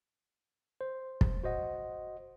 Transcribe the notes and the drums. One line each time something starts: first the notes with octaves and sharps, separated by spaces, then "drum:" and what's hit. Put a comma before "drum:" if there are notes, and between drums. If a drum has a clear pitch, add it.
C5
drum: kick
F#4 C5 D#5 F#5